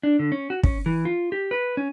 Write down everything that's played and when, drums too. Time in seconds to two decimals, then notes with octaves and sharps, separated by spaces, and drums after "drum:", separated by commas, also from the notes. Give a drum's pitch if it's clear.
0.03 D4
0.19 D3
0.32 C#4
0.50 F#4
0.63 C#4, drum: kick
0.86 E3
1.05 F4
1.32 G4
1.51 B4
1.77 C#4